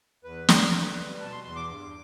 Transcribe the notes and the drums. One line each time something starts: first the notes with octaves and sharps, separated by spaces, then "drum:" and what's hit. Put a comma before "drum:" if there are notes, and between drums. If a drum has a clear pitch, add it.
E2 B4
G3, drum: snare
D3
G3
B2 A5
C6
E2 C6
D6
G2